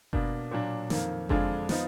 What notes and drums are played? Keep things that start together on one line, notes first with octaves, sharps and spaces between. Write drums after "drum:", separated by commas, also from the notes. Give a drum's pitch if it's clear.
B2 A#3 D4, drum: kick F#1
A#2 F#3 D4
F2 D#3 A#3, drum: snare
F2 D3 G#3 D4 F4, drum: kick F#1
F3 B3 D#4, drum: snare